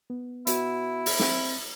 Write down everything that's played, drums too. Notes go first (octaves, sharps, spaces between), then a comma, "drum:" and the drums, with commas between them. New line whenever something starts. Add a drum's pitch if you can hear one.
B3
B3 E4 F#4, drum: hi-hat
drum: open hi-hat
C4, drum: snare